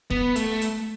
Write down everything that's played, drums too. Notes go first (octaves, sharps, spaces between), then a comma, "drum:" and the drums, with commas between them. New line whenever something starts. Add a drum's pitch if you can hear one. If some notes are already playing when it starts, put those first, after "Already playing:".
B3, drum: kick
A3, drum: hi-hat
drum: hi-hat